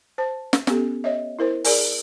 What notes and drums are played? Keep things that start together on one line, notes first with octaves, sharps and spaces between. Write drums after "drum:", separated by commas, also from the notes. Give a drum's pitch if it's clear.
C5 A5
drum: snare
B3 C#4 G4 A4, drum: snare
C#5 D#5 E5
E4 A#4 C5
G#4 A#4 D5 G#5, drum: open hi-hat